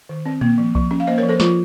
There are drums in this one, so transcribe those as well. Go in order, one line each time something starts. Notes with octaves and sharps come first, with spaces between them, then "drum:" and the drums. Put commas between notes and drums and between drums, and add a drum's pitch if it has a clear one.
D#3
C4
A#3, drum: tom A#2
F3
F3, drum: kick B1
C#4
F5
A#3 C5 D#5
A#4 C#5
F3
A4 C5
F3 F4, drum: snare